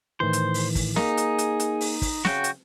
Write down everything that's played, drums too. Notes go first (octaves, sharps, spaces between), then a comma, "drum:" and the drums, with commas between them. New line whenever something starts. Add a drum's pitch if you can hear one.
A2 D#3 E3 C5
drum: hi-hat
drum: open hi-hat
drum: kick, open hi-hat
A#3 D#4 G#4, drum: snare
drum: hi-hat
drum: hi-hat
drum: hi-hat
drum: open hi-hat
drum: kick, open hi-hat
C#3 F#4 G5, drum: snare
drum: hi-hat